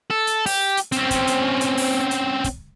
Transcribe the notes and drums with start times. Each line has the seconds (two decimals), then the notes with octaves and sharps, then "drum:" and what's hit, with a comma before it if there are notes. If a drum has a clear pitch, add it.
0.10 A4
0.27 drum: hi-hat
0.46 G4, drum: open hi-hat
0.77 drum: hi-hat
0.92 C4 C#4, drum: hi-hat
1.11 drum: kick, hi-hat
1.27 drum: hi-hat
1.61 drum: hi-hat
1.77 drum: open hi-hat
2.11 drum: hi-hat
2.44 drum: kick, hi-hat